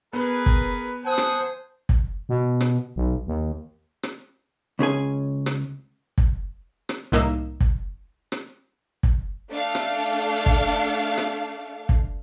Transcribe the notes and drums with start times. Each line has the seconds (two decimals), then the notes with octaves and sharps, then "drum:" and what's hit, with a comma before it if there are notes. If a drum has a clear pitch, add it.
0.13 B3 G#4 A#4 B4
0.46 drum: kick
1.05 C5 F#5 G#5 A5 D#6
1.18 drum: rim click
1.89 drum: kick
2.29 B2
2.61 drum: rim click
2.96 B1
3.27 D#2
4.03 drum: rim click
4.79 C#2 C#4 G#4 G#5
5.46 drum: rim click
6.18 drum: kick
6.89 drum: rim click
7.12 C2 A2 A#3 D#4 E6
7.60 drum: kick
8.32 drum: rim click
9.03 drum: kick
9.50 A3 D4 A4 F5
9.75 drum: rim click
10.46 drum: kick
11.18 drum: rim click
11.89 drum: kick